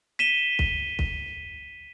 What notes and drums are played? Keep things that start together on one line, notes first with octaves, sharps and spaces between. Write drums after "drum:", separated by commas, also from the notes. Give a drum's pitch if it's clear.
B6 D#7 E7 G7
drum: kick
drum: kick